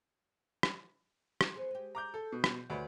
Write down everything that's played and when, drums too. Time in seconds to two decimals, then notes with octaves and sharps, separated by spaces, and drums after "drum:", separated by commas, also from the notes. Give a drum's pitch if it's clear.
0.63 drum: rim click
1.41 drum: rim click
1.54 B3 G#4 C5
1.71 G#3 G4
1.95 A#5 D6 G6
2.14 A4
2.32 B2
2.44 drum: rim click
2.70 D2 G#3 B4 C#5